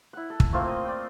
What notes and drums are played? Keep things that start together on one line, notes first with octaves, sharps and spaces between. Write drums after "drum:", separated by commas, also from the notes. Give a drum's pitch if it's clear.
E4 F#5
A4
drum: kick
A3 A#3 C4 F4
D#5
D5 G5